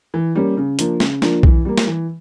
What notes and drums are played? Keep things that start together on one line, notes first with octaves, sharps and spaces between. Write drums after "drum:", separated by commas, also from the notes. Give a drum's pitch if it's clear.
E3
G3 A#3 C#4
C#3
F3 A#3 D4, drum: hi-hat
C#3, drum: snare
F3 A#3 D4, drum: snare
E3, drum: kick B1
G3 A#3
drum: snare
E3